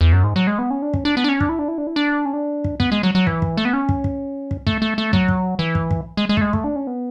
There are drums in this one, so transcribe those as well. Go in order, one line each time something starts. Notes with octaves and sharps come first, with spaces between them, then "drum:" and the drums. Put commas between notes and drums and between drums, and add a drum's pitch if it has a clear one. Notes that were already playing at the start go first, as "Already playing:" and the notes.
E2
F#2
G#2
F#3
G#3
B3
C#4
D4
C#4, drum: kick
D4
B3
D4
C#4
D4, drum: kick
E4
D4
E4
D4
E4
D4
C#4
D4
drum: kick
B3, drum: kick
G#3
F#3
F#3
E3, drum: kick
drum: kick
A3
B3
C#4
drum: kick
drum: kick
drum: kick
A3, drum: kick
A3
A3
F#3, drum: kick
drum: kick
E3
drum: kick
drum: kick
G#3
G#3
A3, drum: kick
G#3
A3, drum: kick
D4
C#4
B3